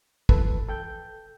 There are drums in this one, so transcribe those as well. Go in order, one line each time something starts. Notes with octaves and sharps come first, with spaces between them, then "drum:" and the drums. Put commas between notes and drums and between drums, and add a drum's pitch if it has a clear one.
F2 E3 A4 B4, drum: kick
A4 G5 G6